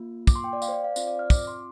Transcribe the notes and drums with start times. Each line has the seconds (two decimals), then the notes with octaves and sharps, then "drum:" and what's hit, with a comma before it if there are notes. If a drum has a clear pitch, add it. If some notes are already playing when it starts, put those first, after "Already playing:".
Already playing: A#3 F4
0.27 D6, drum: kick, tambourine
0.35 C6
0.44 G5
0.53 D5
0.62 F5, drum: tambourine
0.69 C5
0.73 D5
0.84 F5
0.96 C4 F4 C5, drum: tambourine
1.07 D5
1.19 F6
1.30 D6, drum: kick, tambourine
1.47 C6